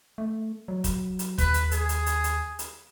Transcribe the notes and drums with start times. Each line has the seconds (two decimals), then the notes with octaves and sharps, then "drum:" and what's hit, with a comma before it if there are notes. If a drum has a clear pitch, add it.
0.18 A3
0.68 F#3
0.84 drum: kick, hi-hat
1.19 drum: hi-hat
1.38 D#2 B4, drum: kick, hi-hat
1.54 drum: hi-hat
1.71 G#4, drum: hi-hat
1.89 drum: hi-hat
2.06 drum: hi-hat
2.24 drum: hi-hat
2.59 drum: hi-hat